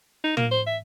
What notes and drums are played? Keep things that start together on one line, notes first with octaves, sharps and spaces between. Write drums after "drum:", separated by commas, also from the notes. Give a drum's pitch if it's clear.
D#4
A#3, drum: tom
C5
E5